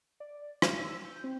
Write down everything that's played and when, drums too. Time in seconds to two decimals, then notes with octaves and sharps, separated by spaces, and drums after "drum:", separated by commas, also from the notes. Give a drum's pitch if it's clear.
0.20 D5
0.62 D#3, drum: rim click
0.79 E6
1.05 G6
1.24 C4